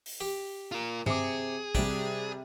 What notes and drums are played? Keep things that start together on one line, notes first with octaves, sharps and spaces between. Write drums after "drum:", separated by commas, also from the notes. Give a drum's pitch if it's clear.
drum: open hi-hat
G4
F4 A#4
C3 G#4 D6 C#7, drum: tom G2
C3 G3 D4 G4 D5, drum: kick